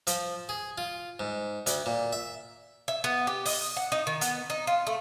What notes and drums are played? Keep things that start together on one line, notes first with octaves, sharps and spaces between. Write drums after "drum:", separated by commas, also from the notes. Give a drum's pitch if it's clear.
F3, drum: hi-hat
G#4
F4
G#2
D2, drum: hi-hat
A#2
E5
E5
B3
G4
D#5, drum: open hi-hat
F#5
D#4
D#3
B3, drum: hi-hat
D#4
F4
A3